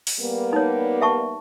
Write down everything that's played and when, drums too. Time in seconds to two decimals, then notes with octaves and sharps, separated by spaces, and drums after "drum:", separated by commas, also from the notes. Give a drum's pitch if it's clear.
0.07 drum: open hi-hat
0.20 G3 A#3 B3
0.53 D#4 C#5
1.02 E5 A5 C#6